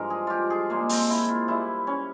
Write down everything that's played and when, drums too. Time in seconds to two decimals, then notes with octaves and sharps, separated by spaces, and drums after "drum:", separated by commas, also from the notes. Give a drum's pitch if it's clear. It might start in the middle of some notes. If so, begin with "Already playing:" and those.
Already playing: G2 F3 G#3 A#4
0.10 G#4
0.27 F4 G4
0.50 G#4
0.69 A#2 F3 G#3 A#3
0.89 C4, drum: open hi-hat
1.10 E4
1.29 F4
1.48 C3 G3 E4
1.87 C#4